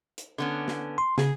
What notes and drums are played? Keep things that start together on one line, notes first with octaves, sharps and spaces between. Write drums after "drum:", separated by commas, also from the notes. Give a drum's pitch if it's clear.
drum: hi-hat
D3 B3 C#4
drum: snare
C6
C#3 G#4, drum: snare